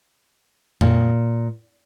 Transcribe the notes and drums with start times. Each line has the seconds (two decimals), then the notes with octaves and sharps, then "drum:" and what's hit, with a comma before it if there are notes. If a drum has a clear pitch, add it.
0.81 A#2, drum: tom F2